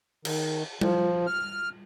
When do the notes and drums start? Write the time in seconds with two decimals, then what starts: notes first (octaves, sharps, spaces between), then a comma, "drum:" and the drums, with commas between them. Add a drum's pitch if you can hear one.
0.25 D#3, drum: cymbal
0.81 F3, drum: tom G3
1.27 F6